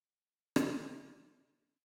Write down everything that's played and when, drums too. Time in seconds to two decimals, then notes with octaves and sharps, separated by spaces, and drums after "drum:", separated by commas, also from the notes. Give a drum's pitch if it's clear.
0.01 G3 F#4 G4 C5 D5
0.56 drum: rim click